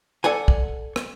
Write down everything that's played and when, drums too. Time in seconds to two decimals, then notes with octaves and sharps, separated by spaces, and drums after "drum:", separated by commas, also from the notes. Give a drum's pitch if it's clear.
0.24 A4 D5 F#5 G#5
0.48 drum: kick
0.96 drum: rim click